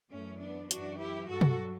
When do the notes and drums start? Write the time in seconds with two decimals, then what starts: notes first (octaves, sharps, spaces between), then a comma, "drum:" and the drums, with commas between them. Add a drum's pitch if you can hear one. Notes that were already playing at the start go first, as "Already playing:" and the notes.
0.12 F#2 E3 A3 C#4
0.41 B3 D4
0.71 F#2 E3 D4 F#4, drum: hi-hat
1.00 E4 G4
1.29 G2 F#3 F#4 A4
1.41 drum: tom